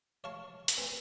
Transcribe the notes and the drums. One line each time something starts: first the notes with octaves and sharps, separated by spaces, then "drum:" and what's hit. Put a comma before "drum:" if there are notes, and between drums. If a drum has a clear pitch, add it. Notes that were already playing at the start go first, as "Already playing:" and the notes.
C#5 F5 A5 C#6
drum: hi-hat
C4 B4 G#5